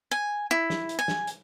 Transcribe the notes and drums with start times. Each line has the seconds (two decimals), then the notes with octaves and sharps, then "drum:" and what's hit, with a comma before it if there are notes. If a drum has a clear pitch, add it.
0.11 G#5
0.51 E4
0.70 drum: snare
0.89 drum: hi-hat
0.99 G#5
1.08 drum: snare
1.27 drum: hi-hat